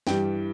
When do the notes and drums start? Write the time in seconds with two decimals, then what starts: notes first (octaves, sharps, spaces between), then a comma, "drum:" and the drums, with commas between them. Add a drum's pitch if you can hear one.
0.07 G2 E3 G3 G5, drum: snare